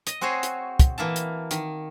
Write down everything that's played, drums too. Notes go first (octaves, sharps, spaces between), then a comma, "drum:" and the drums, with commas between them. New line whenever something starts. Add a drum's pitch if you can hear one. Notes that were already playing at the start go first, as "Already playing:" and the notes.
D#5, drum: hi-hat
C4 F#4 G#4 C5 C#5
drum: hi-hat
drum: kick, hi-hat
E3 A#3 E5 A5
drum: hi-hat
D#3, drum: hi-hat